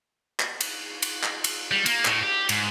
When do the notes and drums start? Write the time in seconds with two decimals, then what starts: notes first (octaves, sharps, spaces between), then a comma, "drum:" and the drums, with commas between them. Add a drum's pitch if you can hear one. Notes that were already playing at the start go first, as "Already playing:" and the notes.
0.40 drum: clap
0.61 drum: cymbal
1.02 drum: cymbal
1.23 drum: clap
1.44 drum: cymbal
1.71 G3
1.86 A#3, drum: cymbal
2.05 A2, drum: clap
2.23 G4
2.49 G#2, drum: cymbal